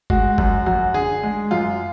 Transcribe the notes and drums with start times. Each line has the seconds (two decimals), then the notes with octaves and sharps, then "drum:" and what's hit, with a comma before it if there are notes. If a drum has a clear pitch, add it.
0.10 G#3 F#4, drum: kick
0.38 F#2 F#4, drum: kick
0.66 F#2 F#4
0.94 D3 G#4
1.23 G#3
1.51 F#2 F4